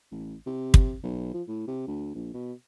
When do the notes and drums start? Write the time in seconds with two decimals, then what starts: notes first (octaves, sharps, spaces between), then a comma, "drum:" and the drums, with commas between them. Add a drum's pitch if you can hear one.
0.11 A1
0.47 C3
0.74 drum: kick
1.03 B1
1.34 F3
1.48 A2
1.68 C3
1.87 D2
2.15 A#1
2.34 B2